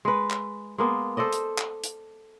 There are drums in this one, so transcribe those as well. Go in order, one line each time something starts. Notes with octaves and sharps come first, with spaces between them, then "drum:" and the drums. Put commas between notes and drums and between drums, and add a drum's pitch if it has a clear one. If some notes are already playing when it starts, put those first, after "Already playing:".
G#3 B4
drum: clap
G#3 A#3 B3
A4 C5 D5 D#5
drum: hi-hat
drum: clap
drum: hi-hat